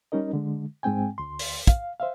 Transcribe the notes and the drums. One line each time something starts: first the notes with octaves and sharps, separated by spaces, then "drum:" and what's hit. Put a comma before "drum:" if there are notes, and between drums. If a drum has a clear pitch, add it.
G3 C#4 D#4 A#4 D#5
D3 G#3
G#2 G#3 C4 G5 G#5
D2 C6
drum: open hi-hat
F5, drum: kick, hi-hat
C5 E5 F5